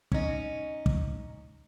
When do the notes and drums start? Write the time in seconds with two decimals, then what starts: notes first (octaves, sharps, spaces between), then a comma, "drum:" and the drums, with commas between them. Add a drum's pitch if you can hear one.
0.12 C#4 D#4, drum: kick
0.86 drum: kick